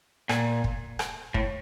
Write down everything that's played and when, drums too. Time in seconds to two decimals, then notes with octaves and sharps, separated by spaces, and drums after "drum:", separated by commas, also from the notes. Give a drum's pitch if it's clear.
0.29 A#2, drum: rim click
0.64 drum: kick
0.99 drum: rim click
1.34 A2, drum: kick